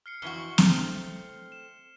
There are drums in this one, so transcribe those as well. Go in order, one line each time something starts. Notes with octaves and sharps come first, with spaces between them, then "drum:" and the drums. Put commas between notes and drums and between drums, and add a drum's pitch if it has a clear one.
F6 C7 C#7
F2 E3 F#4 G7
A3 C4, drum: snare
E7